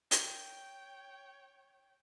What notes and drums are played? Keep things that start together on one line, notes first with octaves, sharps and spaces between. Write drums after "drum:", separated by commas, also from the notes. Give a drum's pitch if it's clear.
C#5 G5, drum: hi-hat